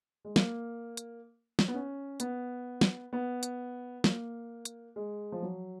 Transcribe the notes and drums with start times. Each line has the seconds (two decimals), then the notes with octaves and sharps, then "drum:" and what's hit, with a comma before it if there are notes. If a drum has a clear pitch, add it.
0.25 G#3
0.36 A#3, drum: snare
0.97 drum: hi-hat
1.59 drum: snare
1.68 B3
1.74 C#4
2.20 B3, drum: hi-hat
2.81 drum: snare
3.13 B3
3.43 drum: hi-hat
4.04 A#3, drum: snare
4.65 drum: hi-hat
4.96 G#3
5.32 F3
5.42 F#3